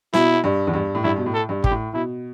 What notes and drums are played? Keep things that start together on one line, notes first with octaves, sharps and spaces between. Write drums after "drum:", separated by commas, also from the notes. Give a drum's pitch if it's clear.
B2 E4, drum: snare
G2
E2
G2
A2
G2 E4
B2
A2
A4
G2
G4, drum: kick
A2
B2 E4